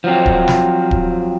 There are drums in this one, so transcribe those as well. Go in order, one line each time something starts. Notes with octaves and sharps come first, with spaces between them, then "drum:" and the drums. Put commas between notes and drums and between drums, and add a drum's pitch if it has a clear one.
F3 F#3 C4
drum: kick D1
drum: snare
drum: kick D1